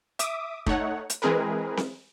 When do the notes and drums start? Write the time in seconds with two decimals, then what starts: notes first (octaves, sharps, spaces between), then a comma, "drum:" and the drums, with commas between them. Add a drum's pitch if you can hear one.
0.19 E5 D6 D#6, drum: hi-hat
0.66 A3 D#4 C#5 F#5, drum: kick
1.10 drum: hi-hat
1.22 E3 G#3 C4 G#4 A#4 B4
1.77 drum: snare C4